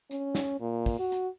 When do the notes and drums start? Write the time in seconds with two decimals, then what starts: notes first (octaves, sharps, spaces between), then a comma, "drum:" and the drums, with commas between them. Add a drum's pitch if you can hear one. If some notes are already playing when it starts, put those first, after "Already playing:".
0.11 C#4, drum: hi-hat
0.35 drum: snare
0.60 A#2
0.86 drum: kick, open hi-hat
0.99 F#4
1.12 drum: hi-hat